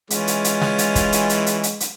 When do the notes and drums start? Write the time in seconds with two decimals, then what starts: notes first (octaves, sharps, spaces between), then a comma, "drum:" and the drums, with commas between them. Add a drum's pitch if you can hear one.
0.10 E3 G#3 C#4 F4, drum: hi-hat
0.27 drum: hi-hat
0.44 drum: hi-hat
0.61 drum: snare
0.78 drum: hi-hat
0.95 drum: kick, hi-hat
1.12 drum: hi-hat
1.29 drum: hi-hat
1.46 drum: hi-hat
1.63 drum: hi-hat
1.80 drum: hi-hat